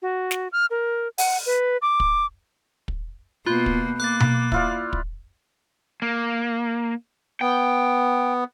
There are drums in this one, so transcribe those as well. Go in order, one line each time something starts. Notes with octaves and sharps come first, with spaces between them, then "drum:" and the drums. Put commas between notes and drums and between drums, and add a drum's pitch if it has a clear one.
F#4
drum: snare
F6
A#4
F#5, drum: open hi-hat
B4
D6
drum: kick
drum: kick
B2 A#3 F4 B5 F#6 G6
drum: kick
A#3 D6 F#6 A6
drum: tom B2
E4 F4 D5, drum: kick
drum: kick
A#3
B3 G5